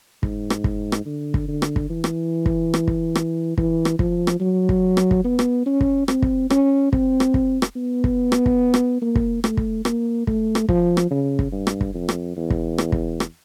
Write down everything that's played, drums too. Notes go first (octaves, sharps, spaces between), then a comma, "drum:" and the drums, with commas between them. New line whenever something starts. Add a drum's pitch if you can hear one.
G#2, drum: kick
drum: rim click
drum: kick
drum: rim click
D3
drum: kick
D3
drum: rim click
drum: kick
E3
drum: rim click
drum: kick
drum: rim click
drum: kick
drum: rim click
E3, drum: kick
drum: rim click
F3, drum: kick
drum: rim click
F#3
drum: kick
drum: rim click
drum: kick
B3
drum: rim click
C#4
drum: kick
C4, drum: rim click
drum: kick
C#4, drum: rim click
C4, drum: kick
drum: rim click
drum: kick
drum: rim click
B3
drum: kick
drum: rim click
drum: kick
drum: rim click
A#3
drum: kick
A3, drum: rim click
drum: kick
A#3, drum: rim click
A3, drum: kick
drum: rim click
F3, drum: kick
drum: rim click
C#3
drum: kick
G2
drum: rim click
drum: kick
F2
drum: rim click
E2
drum: kick
drum: rim click
drum: kick
drum: rim click